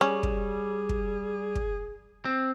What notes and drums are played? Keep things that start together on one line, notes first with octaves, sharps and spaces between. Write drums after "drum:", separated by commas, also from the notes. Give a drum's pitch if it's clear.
G3 C#4 G#4
drum: kick
drum: kick
drum: kick
C4